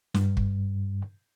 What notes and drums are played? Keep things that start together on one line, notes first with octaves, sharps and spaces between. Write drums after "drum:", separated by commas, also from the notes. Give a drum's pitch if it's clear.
G2, drum: snare
drum: kick